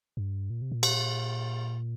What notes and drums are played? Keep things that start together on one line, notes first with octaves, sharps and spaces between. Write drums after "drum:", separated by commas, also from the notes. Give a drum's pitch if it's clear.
G2
A#2
C3
A#2
drum: cymbal